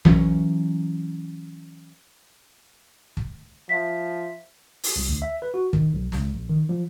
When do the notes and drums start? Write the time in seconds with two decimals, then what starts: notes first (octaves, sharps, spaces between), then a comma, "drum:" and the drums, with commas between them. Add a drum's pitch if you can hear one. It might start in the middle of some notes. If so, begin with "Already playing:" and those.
0.05 E3 F#3 C#4, drum: tom A#1
3.17 drum: kick
3.69 F3 E5 B6
4.83 drum: open hi-hat
4.96 C2
5.09 D2
5.22 E5
5.42 B4
5.54 F#4
5.73 D#3, drum: kick
5.94 B1
6.12 C#2, drum: snare
6.34 A#1
6.49 D#3
6.69 F3